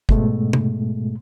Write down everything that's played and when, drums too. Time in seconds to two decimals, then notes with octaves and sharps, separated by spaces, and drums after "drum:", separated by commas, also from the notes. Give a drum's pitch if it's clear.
0.09 G#2 B2 G#3 A3, drum: kick
0.53 drum: tom C3